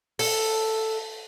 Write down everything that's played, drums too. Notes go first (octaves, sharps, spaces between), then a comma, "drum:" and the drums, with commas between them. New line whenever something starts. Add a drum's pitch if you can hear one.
A4, drum: open hi-hat